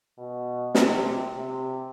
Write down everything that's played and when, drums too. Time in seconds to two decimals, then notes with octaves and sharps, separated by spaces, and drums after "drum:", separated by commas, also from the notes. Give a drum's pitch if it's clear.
0.18 B2
0.75 C3, drum: snare
1.37 C3